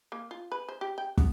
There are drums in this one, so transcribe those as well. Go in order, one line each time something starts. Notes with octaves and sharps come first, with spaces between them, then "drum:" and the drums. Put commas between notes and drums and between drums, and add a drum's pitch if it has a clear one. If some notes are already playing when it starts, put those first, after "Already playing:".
A#3
F4
B4
C5
G4
G5
B3, drum: kick